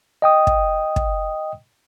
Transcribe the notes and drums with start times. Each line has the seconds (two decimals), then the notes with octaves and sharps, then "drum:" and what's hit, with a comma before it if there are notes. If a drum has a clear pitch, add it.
0.22 D#5 G5 D#6
0.47 drum: kick
0.96 drum: kick